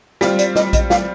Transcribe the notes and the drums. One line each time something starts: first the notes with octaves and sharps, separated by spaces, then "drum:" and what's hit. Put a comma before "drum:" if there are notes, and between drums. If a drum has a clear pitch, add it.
G3 C4 F4, drum: snare
D5, drum: hi-hat
D#5, drum: snare
D#5, drum: kick A#1, hi-hat
F5, drum: snare